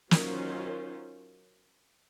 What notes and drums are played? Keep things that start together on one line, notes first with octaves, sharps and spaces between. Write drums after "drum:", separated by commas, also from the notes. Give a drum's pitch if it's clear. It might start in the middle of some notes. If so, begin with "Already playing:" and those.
D#3 F#3 C#4 F4 C5, drum: snare